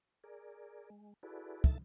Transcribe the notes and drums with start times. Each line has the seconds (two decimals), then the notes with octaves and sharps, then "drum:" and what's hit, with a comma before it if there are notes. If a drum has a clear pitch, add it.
0.24 G#4 A#4 D5
0.90 G#3
1.23 E4 F#4 G#4 A4 B4 D5
1.64 E3 D#4 A4 E5 A6, drum: kick